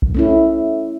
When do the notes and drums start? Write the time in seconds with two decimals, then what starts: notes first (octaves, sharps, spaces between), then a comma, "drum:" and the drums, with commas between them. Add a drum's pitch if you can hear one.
0.02 drum: kick A#1
0.14 A3 C#4 E4